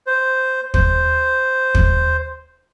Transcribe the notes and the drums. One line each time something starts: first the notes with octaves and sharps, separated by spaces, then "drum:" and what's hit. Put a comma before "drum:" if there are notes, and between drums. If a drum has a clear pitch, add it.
C5
C5, drum: kick
drum: kick